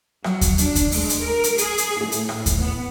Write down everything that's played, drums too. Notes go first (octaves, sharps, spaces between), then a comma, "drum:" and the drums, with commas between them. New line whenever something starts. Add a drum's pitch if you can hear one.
F#3, drum: rim click
drum: kick D#2, hi-hat
D4, drum: hi-hat
drum: kick D#2, hi-hat
G#3, drum: open hi-hat
drum: hi-hat
A#4
drum: hi-hat
G#4, drum: hi-hat
drum: hi-hat
A2
drum: hi-hat
drum: rim click
drum: kick D#2, hi-hat
B3